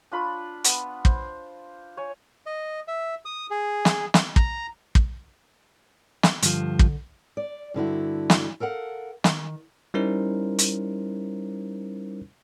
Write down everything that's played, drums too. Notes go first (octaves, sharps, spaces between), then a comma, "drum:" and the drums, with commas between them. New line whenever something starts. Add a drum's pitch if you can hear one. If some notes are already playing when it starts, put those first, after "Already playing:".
D4 F4 B5 C#6
B3, drum: hi-hat
C5, drum: kick
C#5 G#5
D#5
E5
D#6
G#4
drum: snare
drum: snare
A#5, drum: kick
drum: kick
drum: snare
G2 D3 F3, drum: hi-hat
drum: kick
D5
G2 D3 E4 F#4
drum: snare
A4 A#4 F5 F#5
D#3, drum: snare
G3 C#4 D#4 E4 A#4 C5
drum: hi-hat